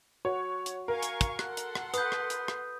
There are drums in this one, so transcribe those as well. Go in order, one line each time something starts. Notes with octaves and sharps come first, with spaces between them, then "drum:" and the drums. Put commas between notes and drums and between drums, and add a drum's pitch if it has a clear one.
F#4 C#5
drum: hi-hat
A#4 F5 G#5 C#6
drum: hi-hat
drum: kick, hi-hat
A4 F#5 C6 F#6, drum: rim click
drum: hi-hat
drum: rim click
B4 D#6 G6, drum: hi-hat
drum: rim click
drum: hi-hat
drum: rim click